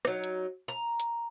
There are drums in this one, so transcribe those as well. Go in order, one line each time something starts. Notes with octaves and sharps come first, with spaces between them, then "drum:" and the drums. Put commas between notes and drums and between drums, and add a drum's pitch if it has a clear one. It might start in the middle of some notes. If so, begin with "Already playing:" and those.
F#3 D#4, drum: rim click
drum: hi-hat
A#5
drum: hi-hat